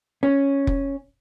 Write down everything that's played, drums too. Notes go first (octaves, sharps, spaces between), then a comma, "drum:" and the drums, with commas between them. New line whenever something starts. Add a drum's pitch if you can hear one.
C#4
drum: kick F1